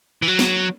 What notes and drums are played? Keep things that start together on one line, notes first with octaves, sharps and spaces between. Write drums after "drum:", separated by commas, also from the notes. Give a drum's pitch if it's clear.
E3
F#3
drum: snare